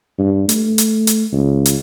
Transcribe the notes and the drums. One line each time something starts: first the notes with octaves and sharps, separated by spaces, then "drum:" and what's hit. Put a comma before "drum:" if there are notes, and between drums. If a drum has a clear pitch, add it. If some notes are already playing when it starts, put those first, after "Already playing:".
G2
A3, drum: hi-hat
drum: hi-hat
drum: hi-hat
C#2
drum: hi-hat